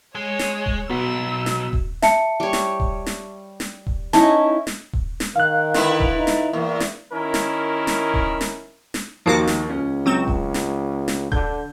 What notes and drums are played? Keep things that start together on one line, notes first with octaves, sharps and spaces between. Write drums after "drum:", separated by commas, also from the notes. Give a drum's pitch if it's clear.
G#3 C#5
drum: snare
drum: kick D#1
B1 B3 F#4 E6 B6
drum: snare
drum: kick D#1
E5 A5 C#7, drum: snare
G3 C#5
drum: snare
drum: kick D#1
drum: snare
drum: snare
drum: kick D#1
C#4 D#4 E4 A5, drum: snare
drum: snare
drum: kick D#1
drum: snare
D#3 F5 F#6
D3 E4 B4, drum: snare
drum: kick D#1
D#4
drum: snare
E2 A#3
drum: snare
D#3 C#4 E4 A#4
drum: snare
drum: snare
drum: kick D#1
drum: snare
drum: snare
D#2 D#3 F3 A#3 F#4 D6
drum: snare
C#2 C#4
F#3 C4 E7
drum: kick D#1
drum: snare
drum: snare
D3 G6, drum: kick D#1